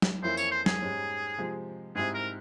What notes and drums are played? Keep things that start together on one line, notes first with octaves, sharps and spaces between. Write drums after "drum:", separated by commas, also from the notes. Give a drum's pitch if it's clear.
drum: snare
F2 E3 A#3 C#4 E4 C5
C#5, drum: tambourine
C5
G#4, drum: snare
G#2 G3 C#4
C3 F3 G#3
G#2 G3 C4 E4 G#4
A#4